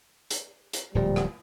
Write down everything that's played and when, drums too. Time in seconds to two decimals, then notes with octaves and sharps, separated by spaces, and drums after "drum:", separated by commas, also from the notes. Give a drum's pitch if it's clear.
0.30 drum: hi-hat
0.73 drum: hi-hat
0.95 D1 A#2 F3 G3
1.16 drum: rim click